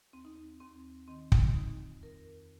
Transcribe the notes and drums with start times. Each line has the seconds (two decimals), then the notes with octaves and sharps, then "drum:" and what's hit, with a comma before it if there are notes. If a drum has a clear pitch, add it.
0.13 D#2 C4
0.25 D#4
0.36 C4
0.60 D#2 C4
1.08 D#3 C4
1.32 drum: kick
1.55 F2 D#4
2.03 F2 A#4